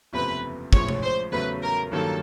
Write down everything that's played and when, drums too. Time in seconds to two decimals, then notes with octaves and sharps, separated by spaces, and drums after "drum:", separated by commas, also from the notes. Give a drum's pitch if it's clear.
0.13 F#1 E2 C3 F3 A3 B4
0.73 A1 A2 F3 G#3 C#5, drum: kick
0.89 drum: tom C3
1.03 C5
1.32 E2 C#3 F#3 A3 B4
1.62 A#4
1.91 G2 D#3 F#3 A#3 A4